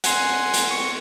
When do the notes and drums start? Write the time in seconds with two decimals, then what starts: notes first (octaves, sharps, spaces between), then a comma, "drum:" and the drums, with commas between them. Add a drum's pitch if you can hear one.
0.04 F#5 G#5 C6, drum: hi-hat
0.54 drum: hi-hat
0.71 C#6